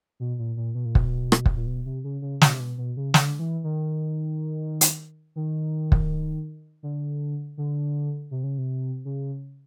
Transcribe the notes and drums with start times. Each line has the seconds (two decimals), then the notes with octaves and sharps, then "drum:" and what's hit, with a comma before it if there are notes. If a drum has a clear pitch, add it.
0.20 B2
0.38 A#2
0.57 A#2
0.75 B2
0.85 A#2
0.95 B2, drum: kick
1.32 drum: rim click
1.46 drum: kick
1.56 A#2
1.67 B2
1.86 C3
2.04 C#3
2.22 C#3
2.41 B2, drum: snare
2.54 C3
2.60 B2
2.78 B2
2.97 C#3
3.14 D3, drum: snare
3.39 E3
3.64 D#3
4.81 drum: hi-hat
5.36 D#3
5.92 drum: kick
6.83 D3
7.57 D3
8.31 C3
8.44 C#3
8.58 C3
9.05 C#3